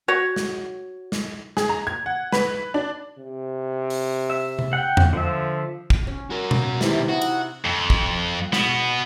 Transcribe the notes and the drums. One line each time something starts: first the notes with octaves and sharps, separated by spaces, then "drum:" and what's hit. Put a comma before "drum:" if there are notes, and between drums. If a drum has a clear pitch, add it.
F#4 C#5
drum: snare
drum: snare
G#4, drum: snare
A#5
G#6
F#5
B4, drum: snare
D4
C3
drum: open hi-hat
E5
drum: tom C3
F#5 G5
drum: tom E2
D3 F3 E5
drum: kick
C#4
F#4 A#4
drum: tom B2
C3 D#3 E3 G3, drum: snare
D#4 E4 F#4
drum: cymbal
F2
drum: kick
B2 B3, drum: snare